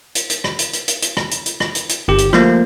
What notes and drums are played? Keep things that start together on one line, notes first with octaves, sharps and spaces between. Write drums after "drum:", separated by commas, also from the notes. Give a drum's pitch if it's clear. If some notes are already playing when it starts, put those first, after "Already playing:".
drum: hi-hat
drum: hi-hat
drum: rim click
drum: hi-hat
drum: hi-hat
drum: hi-hat
drum: hi-hat
drum: rim click
drum: hi-hat
drum: hi-hat
drum: rim click
drum: hi-hat
drum: hi-hat
G1 G4
drum: hi-hat
F3 A3 A#3, drum: rim click